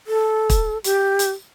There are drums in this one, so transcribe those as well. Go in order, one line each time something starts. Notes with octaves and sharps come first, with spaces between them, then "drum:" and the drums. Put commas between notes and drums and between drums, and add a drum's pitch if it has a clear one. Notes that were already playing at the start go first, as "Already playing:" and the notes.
A4
drum: kick, hi-hat
G4, drum: hi-hat
drum: hi-hat